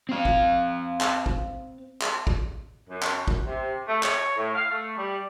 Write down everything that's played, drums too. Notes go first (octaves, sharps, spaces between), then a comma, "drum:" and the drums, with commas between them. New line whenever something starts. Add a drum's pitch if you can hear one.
C4 F5
drum: kick
drum: clap
drum: kick
drum: clap
drum: kick
F#2
drum: clap
drum: kick
C3
A3
C#5, drum: clap
A2
F5
A3
G3